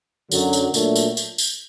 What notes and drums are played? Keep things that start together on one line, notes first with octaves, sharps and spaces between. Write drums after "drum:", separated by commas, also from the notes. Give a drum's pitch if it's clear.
F#2 D3 F#3, drum: tambourine
drum: tambourine
A#2 F#3 A3 D4, drum: tambourine
drum: tambourine
drum: tambourine
drum: tambourine